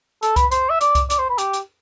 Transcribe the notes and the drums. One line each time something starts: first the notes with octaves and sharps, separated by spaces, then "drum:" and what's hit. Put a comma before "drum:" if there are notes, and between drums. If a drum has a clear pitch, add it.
A4, drum: hi-hat
B4, drum: kick C2, hi-hat
C5, drum: hi-hat
E5
D5, drum: hi-hat
drum: kick C2, hi-hat
D5, drum: hi-hat
C5
B4
G4, drum: hi-hat
drum: hi-hat